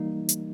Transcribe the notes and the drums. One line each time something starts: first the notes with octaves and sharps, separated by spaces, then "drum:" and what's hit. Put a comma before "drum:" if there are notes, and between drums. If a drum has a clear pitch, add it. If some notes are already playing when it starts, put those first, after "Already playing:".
Already playing: E3 G3 A#3 D#4
drum: hi-hat